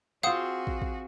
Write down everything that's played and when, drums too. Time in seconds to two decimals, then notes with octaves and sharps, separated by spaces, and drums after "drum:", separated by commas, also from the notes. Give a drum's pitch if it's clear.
0.23 C4 F4 F#4 G#4 F5 F#5 D#6
0.67 drum: kick
0.82 drum: kick